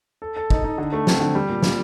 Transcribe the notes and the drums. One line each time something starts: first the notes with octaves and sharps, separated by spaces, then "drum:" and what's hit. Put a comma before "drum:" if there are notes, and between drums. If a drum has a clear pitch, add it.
A4
A4
D#4, drum: kick
D#4
D3
A3
C4, drum: snare
D3
G3
A#2
A#2, drum: snare